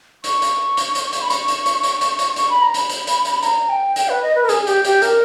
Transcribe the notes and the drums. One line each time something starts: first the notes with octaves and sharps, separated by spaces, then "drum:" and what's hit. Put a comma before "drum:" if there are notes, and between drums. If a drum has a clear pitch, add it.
C#6, drum: hi-hat
drum: hi-hat
drum: hi-hat
drum: hi-hat
drum: hi-hat
B5
C#6, drum: hi-hat
drum: hi-hat
drum: hi-hat
drum: hi-hat
drum: hi-hat
drum: hi-hat
C#6, drum: hi-hat
B5
A#5
B5, drum: hi-hat
drum: hi-hat
drum: hi-hat
drum: hi-hat
B5
A#5, drum: hi-hat
G5
G5, drum: hi-hat
B4
D#5
B4
A#4
G#4, drum: hi-hat
G#4
G4, drum: hi-hat
G4, drum: hi-hat
A#4, drum: hi-hat